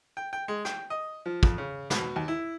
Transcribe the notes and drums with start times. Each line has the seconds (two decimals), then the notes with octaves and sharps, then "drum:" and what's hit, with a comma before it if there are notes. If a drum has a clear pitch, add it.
0.17 G5
0.33 G5
0.48 G#3
0.65 G5, drum: rim click
0.90 D#5
1.26 F3
1.43 F2, drum: kick
1.58 C#3
1.90 B2, drum: snare
2.16 D#2
2.28 E4